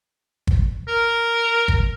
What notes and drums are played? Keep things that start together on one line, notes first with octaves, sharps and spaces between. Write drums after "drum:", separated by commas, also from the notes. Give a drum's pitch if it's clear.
drum: kick
A#4
drum: kick